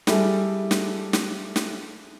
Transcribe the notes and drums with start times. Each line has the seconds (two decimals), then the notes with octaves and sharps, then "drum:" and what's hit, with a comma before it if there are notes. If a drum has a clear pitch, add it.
0.07 G3 E4 G#4 A4, drum: snare
0.71 drum: snare
1.13 drum: snare
1.56 drum: snare